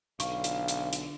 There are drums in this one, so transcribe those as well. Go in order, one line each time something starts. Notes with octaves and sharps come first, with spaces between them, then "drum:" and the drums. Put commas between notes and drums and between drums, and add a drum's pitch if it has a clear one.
B1 D3 F5 C#6, drum: hi-hat
drum: hi-hat
drum: hi-hat
drum: hi-hat